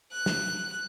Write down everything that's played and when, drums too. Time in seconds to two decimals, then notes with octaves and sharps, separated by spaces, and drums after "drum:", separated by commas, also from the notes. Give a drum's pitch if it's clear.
0.12 F#6
0.26 drum: snare